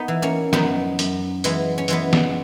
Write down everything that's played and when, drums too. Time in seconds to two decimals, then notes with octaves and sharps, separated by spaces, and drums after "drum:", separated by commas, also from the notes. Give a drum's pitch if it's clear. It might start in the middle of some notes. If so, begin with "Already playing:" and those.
Already playing: B3 D#4
0.08 E3
0.22 A#3 C#4
0.53 F#2 B3 D#4, drum: snare
0.99 F#2, drum: hi-hat
1.44 E3 G#3 B3, drum: hi-hat
1.78 C#4
1.88 E3 G#3 B3, drum: hi-hat
2.13 drum: snare